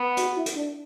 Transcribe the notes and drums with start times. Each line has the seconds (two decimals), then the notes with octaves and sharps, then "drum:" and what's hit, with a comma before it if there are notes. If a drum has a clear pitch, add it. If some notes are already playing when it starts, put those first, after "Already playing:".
Already playing: B3
0.17 F#4, drum: hi-hat
0.36 E4
0.46 drum: hi-hat
0.55 D4